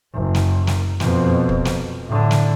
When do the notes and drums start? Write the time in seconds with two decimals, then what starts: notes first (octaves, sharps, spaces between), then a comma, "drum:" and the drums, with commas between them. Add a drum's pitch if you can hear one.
0.14 F#1
0.35 drum: snare
0.67 drum: snare
1.00 F2 B2, drum: snare
1.49 drum: kick
1.65 drum: snare
2.07 A2 D3
2.31 drum: snare